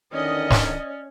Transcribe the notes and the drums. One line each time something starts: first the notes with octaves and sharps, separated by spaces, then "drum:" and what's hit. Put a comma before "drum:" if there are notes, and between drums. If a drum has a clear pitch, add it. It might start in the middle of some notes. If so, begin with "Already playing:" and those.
E2 D3 D#3 C#4 D5 D#5
drum: snare